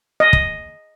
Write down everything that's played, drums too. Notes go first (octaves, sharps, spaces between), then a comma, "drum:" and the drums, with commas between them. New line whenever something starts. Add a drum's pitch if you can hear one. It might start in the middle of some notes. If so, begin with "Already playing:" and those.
D#5
drum: kick